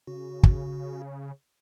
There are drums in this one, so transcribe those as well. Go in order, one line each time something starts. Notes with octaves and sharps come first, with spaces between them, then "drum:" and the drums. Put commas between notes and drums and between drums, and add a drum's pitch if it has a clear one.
C#3 F#4
drum: kick